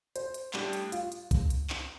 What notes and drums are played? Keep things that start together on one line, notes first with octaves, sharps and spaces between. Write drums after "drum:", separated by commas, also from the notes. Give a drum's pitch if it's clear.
C5, drum: hi-hat
drum: hi-hat
A2 G3 D4 G4, drum: clap
drum: hi-hat
F4, drum: hi-hat
drum: hi-hat
drum: kick B1, hi-hat
drum: hi-hat
drum: clap